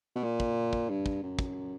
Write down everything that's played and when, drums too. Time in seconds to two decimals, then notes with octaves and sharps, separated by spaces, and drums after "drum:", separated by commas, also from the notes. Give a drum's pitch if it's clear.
0.16 B2
0.23 A#2
0.40 drum: kick
0.73 drum: kick
0.89 G2
1.06 drum: kick
1.23 F#2
1.39 drum: kick